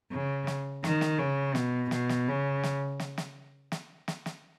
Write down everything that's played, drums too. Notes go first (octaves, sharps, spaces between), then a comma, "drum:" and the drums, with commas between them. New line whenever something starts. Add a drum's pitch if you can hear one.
C#3
drum: snare
D#3, drum: snare
drum: snare
C#3
B2, drum: snare
B2, drum: snare
drum: snare
C#3
drum: snare
drum: snare
drum: snare
drum: snare
drum: snare
drum: snare